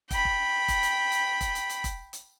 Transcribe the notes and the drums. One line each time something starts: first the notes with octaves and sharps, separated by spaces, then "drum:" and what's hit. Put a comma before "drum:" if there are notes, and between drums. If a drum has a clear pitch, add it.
G5 B5, drum: kick, hi-hat
drum: kick
drum: kick, hi-hat
drum: hi-hat
drum: hi-hat
drum: kick, hi-hat
drum: hi-hat
drum: hi-hat
drum: kick, hi-hat
drum: hi-hat